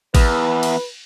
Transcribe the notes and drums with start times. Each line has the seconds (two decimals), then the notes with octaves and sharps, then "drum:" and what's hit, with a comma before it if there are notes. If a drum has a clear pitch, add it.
0.15 E2 B4, drum: kick A1, cymbal
0.63 drum: cymbal